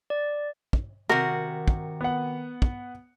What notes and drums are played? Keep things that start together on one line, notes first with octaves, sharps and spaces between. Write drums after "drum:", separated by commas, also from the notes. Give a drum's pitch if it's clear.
D5
drum: kick
C3 D#3 F#4 A#4
drum: kick
B3 F#5
drum: kick